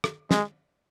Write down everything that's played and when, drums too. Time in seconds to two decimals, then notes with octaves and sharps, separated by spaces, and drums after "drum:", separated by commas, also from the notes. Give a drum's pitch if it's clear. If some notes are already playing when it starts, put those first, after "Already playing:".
0.04 drum: rim click
0.31 G#3, drum: snare